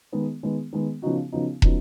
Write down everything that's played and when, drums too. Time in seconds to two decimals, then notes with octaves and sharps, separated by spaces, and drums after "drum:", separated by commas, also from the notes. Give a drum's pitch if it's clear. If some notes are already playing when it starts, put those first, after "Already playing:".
0.13 D#3 G#3 B3
0.43 D#3 G#3 B3
0.73 D#3 G#3 B3
1.02 C#3 F3 B3 D#4 F#4
1.32 C#3 F3 B3 D#4 F#4
1.62 C#3 F3 B3 D#4 F#4, drum: kick